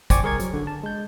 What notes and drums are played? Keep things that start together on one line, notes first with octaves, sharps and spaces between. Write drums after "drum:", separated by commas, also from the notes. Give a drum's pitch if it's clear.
C5 D5 G5 G#5 C#6 D6, drum: kick, hi-hat
C2 G#4 A#4 C#6 G#6
F#3, drum: hi-hat
D3
A5
G#3 G6